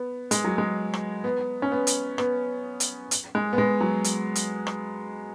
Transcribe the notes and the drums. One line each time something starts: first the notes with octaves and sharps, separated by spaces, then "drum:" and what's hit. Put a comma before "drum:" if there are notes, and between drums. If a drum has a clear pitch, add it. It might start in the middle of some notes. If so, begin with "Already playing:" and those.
Already playing: B3
G#3, drum: hi-hat
F#3
G#3
drum: rim click
B3
C#4
B3
drum: hi-hat
B3, drum: rim click
drum: hi-hat
drum: hi-hat
G#3
B3
G#3
F#3
drum: hi-hat
drum: hi-hat
drum: rim click